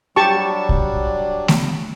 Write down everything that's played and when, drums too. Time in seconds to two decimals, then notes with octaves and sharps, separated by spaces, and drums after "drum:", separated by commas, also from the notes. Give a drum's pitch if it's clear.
0.16 F#3 G3 D4 G4 A5 C#6
0.69 drum: kick
1.48 drum: snare A3